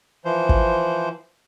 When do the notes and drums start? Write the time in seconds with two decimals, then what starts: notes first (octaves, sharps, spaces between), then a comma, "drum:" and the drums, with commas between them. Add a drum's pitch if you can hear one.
0.25 E3 F3 C5
0.49 drum: kick